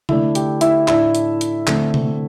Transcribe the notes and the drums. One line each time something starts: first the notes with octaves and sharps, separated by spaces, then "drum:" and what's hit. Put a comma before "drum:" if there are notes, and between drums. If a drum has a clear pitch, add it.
D3 A3 D4 E4 E5, drum: tom
G4, drum: hi-hat
E4 E5, drum: hi-hat
A2 A3 D4 E4 E5, drum: clap
drum: hi-hat
drum: hi-hat
D3 A3 C4, drum: clap
drum: tom